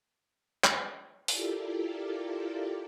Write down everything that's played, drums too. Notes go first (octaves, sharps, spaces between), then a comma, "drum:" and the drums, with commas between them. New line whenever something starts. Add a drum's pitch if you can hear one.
drum: clap
E4 F4 G4 A4 A#4 D5, drum: open hi-hat